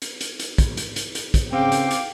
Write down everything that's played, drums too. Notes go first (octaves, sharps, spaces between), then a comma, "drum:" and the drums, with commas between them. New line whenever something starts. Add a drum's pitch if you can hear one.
drum: hi-hat
drum: hi-hat
drum: hi-hat
drum: kick, hi-hat
drum: hi-hat
drum: hi-hat
drum: hi-hat
drum: kick, hi-hat
C#3 C4 F5 G5 D6
drum: hi-hat
drum: hi-hat